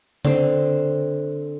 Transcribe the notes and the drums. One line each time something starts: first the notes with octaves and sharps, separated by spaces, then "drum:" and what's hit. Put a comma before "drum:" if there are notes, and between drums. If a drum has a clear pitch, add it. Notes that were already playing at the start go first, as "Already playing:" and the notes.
D3 C4, drum: tom C#3